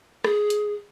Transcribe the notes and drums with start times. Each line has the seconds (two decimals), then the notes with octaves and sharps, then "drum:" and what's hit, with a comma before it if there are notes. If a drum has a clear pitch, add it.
0.24 G#4, drum: rim click
0.50 drum: hi-hat